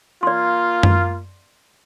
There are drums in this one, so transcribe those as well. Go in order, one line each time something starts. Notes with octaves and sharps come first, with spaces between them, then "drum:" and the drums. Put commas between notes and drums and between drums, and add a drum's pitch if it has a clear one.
A#3 F4 D5 C6
drum: tom F#2